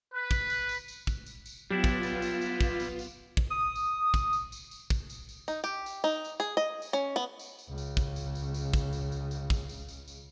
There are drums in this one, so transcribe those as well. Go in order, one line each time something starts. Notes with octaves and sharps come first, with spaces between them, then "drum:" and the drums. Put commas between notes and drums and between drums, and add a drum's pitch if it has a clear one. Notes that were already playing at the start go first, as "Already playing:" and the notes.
B4
drum: kick, tambourine
drum: tambourine
drum: tambourine
drum: tambourine
drum: kick, tambourine
drum: tambourine
drum: tambourine
F#3 G3 B3 D4 E4 F4 G4
drum: kick, tambourine
drum: tambourine
drum: tambourine
drum: tambourine
drum: kick, tambourine
drum: tambourine
drum: tambourine
drum: kick
D#6
drum: tambourine
drum: kick, tambourine
drum: tambourine
drum: tambourine
drum: tambourine
drum: kick, tambourine
drum: tambourine
drum: tambourine
D#4, drum: tambourine
G4
drum: tambourine
D#4, drum: tambourine
drum: tambourine
G#4
D#5
drum: tambourine
C#4
B3
drum: tambourine
drum: tambourine
C#2 C#3
drum: tambourine
drum: kick, tambourine
drum: tambourine
drum: tambourine
drum: tambourine
drum: kick, tambourine
drum: tambourine
drum: tambourine
drum: tambourine
drum: kick, tambourine
drum: tambourine
drum: tambourine
drum: tambourine